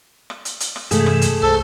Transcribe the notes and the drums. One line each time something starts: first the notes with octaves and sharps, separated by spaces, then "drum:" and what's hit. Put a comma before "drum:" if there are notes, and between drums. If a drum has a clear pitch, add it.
drum: rim click
drum: hi-hat
drum: hi-hat
drum: rim click
G2 C3 E3 A3 G#4, drum: hi-hat
drum: rim click
drum: hi-hat
C#2 A4 C5